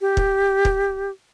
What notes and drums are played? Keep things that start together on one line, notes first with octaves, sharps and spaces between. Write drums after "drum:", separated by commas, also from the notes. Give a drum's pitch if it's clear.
G4
drum: kick
drum: kick